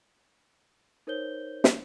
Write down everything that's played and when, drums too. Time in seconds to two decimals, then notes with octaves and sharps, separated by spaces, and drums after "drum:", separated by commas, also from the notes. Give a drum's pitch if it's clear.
1.07 D#4 A#4 C5 C#5 G6 G7
1.64 drum: snare